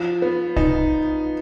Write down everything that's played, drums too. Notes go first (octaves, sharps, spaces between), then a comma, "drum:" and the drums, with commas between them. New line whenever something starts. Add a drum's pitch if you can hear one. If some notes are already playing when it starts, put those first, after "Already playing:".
Already playing: F3
B3
D#4, drum: kick